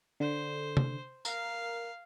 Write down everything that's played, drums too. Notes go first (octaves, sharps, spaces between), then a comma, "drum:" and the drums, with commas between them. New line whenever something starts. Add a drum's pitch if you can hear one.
D3 C5
drum: tom
A#4 F5, drum: tambourine